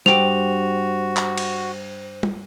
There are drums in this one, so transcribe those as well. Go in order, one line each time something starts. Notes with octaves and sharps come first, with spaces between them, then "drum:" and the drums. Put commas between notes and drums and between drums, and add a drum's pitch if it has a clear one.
G2 F#4 G4 C5 G5 F7, drum: snare
drum: clap
drum: cymbal
drum: tom